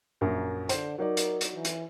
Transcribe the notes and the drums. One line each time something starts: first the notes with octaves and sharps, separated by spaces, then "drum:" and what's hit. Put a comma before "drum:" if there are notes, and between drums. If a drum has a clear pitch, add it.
A#1 F#2 A#4
D3 C5, drum: hi-hat
F#3 D#4 A#4 D5
drum: hi-hat
drum: hi-hat
E3
drum: hi-hat